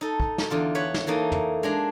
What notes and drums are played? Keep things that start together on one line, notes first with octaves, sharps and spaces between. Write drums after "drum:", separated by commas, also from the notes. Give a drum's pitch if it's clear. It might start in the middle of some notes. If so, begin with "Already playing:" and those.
D#4 A4
drum: kick
drum: snare
E2 D3 F4
B4 C#5 F#5 B5
drum: snare
E3 A3 A#3 D#4
drum: tom
G#3 D4 A#5